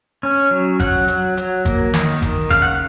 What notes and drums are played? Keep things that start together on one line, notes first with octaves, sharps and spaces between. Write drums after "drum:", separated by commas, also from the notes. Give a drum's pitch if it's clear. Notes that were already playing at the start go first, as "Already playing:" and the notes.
C#4
F#3
F#3 F#5, drum: kick G#1, hi-hat
F#3, drum: hi-hat
F#3, drum: hi-hat
A#3, drum: kick G#1, hi-hat
D#3, drum: snare
D#3, drum: kick G#1, hi-hat
C#3 F5, drum: kick G#1, hi-hat
F#5